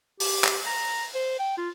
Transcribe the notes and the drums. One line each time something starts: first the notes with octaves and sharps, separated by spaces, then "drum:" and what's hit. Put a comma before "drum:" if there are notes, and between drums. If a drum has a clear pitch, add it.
G4, drum: open hi-hat
drum: clap
A#5
C5
G5
F4